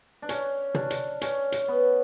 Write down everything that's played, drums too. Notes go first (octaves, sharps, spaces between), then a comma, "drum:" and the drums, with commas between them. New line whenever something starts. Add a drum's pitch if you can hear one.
D4
C#4, drum: hi-hat
D4, drum: tom
drum: hi-hat
C#4, drum: hi-hat
drum: hi-hat
B3